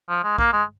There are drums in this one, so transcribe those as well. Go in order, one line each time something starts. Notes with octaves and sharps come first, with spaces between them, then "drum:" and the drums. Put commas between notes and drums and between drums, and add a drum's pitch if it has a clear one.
F3
G#3
A#3, drum: kick
G#3